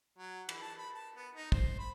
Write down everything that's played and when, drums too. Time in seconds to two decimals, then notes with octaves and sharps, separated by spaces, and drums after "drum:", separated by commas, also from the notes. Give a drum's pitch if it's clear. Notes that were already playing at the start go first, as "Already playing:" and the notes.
0.18 F#3
0.49 E3, drum: cymbal
0.62 A5
0.78 B5
0.95 A5
1.16 B3
1.35 D#4
1.52 C5, drum: kick
1.79 B5